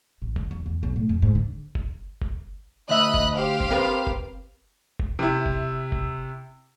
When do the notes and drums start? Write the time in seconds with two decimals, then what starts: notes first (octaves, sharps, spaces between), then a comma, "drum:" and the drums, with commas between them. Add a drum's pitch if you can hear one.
0.22 A1
0.36 D3, drum: kick F#1
0.51 E2
0.66 E2
0.83 B1
0.96 A2
1.09 F2
1.22 G#2
1.35 D3
1.75 drum: kick F#1
2.22 drum: kick F#1
2.89 D2 D#5 E5 B5 F#6
3.14 drum: kick F#1
3.36 G4 C5 F5
3.61 drum: kick F#1
3.71 C4 A#4 B4
4.07 drum: kick F#1
5.00 drum: kick F#1
5.19 C3 E4
5.46 drum: kick F#1
5.92 drum: kick F#1